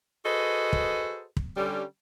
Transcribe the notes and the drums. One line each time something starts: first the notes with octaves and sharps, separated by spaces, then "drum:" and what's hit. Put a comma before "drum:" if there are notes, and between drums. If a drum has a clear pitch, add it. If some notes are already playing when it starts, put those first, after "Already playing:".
F#4 G#4 A4 B4 C5 D#5
drum: kick
drum: kick
D3 G3 C#4